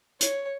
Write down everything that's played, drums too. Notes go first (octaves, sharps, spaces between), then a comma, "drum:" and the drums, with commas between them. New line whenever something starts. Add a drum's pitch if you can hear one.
C#5, drum: hi-hat